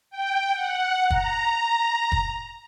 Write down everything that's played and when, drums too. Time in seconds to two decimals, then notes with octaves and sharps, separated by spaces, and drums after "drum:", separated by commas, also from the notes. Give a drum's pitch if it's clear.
0.11 G5
0.54 F#5
1.10 A#5, drum: kick
2.12 drum: kick